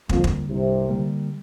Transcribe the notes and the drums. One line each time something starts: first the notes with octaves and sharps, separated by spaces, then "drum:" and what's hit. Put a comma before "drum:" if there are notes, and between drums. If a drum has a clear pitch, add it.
F2 D3 F3 G3 A#3, drum: kick
drum: kick
C2 G2 C3
D3 G3 A#3